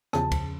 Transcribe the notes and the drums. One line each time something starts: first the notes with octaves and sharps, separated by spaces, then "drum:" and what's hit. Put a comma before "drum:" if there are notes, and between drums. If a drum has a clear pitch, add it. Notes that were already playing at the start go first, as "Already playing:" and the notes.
E2 C#3 F3 A5, drum: rim click
drum: kick, cymbal